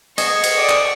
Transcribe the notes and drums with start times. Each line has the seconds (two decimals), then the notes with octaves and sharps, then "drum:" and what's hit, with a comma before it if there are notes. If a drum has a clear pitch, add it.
0.18 G#4 D#5 C#6, drum: cymbal
0.44 drum: cymbal
0.57 D5 D#6
0.69 drum: clap